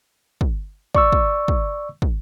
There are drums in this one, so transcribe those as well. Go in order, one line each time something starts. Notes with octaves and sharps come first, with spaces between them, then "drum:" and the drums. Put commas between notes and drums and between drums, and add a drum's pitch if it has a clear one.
drum: kick
D5 C#6 E6, drum: kick
drum: kick
drum: kick
drum: kick